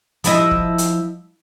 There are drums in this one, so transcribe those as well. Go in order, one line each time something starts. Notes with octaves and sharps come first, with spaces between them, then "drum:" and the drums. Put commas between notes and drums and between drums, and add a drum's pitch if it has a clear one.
F3 E4 D#5, drum: hi-hat
drum: kick
drum: hi-hat